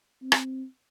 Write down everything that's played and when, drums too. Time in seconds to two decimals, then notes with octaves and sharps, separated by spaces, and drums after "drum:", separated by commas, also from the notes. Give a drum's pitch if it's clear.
0.22 C4
0.32 drum: rim click